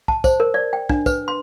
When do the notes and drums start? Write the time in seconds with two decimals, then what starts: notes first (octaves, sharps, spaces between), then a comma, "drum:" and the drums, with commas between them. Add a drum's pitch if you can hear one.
0.08 A5, drum: kick
0.24 C5, drum: kick, tambourine
0.40 A#4
0.54 D5
0.73 G5
0.89 D4, drum: kick
1.06 B4, drum: kick, tambourine
1.28 C6